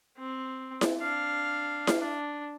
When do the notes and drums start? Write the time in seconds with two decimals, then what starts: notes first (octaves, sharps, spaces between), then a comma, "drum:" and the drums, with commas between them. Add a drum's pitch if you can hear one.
0.18 C4
0.81 drum: snare E4
1.00 D4 F5
1.87 drum: snare E4
1.99 D4